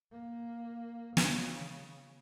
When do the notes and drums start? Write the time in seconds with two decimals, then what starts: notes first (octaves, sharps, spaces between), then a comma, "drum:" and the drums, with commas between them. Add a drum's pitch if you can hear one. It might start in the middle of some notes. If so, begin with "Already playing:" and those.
0.12 A#3
1.17 C#3, drum: snare